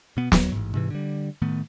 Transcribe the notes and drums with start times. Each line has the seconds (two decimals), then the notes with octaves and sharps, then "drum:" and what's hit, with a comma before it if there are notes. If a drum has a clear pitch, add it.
0.17 B2 B3
0.32 D#2 F#3, drum: snare
0.52 A1 G#2
0.74 G#2 C3 E3
0.90 D3 G3
1.42 A2 D#3 A3 B3